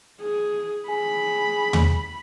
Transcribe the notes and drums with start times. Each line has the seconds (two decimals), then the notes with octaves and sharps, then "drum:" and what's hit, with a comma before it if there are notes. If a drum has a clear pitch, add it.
0.21 G#4
0.89 G#4 B5
1.73 drum: tom